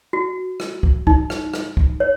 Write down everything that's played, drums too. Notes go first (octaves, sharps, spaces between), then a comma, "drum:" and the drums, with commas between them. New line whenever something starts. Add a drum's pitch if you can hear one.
F#4
drum: rim click
drum: kick
D#4, drum: kick
drum: rim click
drum: rim click
drum: kick
C#5